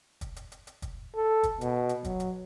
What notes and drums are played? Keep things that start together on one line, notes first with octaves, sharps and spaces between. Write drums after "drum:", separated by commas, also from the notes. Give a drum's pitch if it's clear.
drum: kick, hi-hat
drum: hi-hat
drum: hi-hat
drum: hi-hat
drum: kick, hi-hat
A4
drum: kick, hi-hat
B2, drum: hi-hat
drum: hi-hat
F#3, drum: kick, hi-hat
drum: hi-hat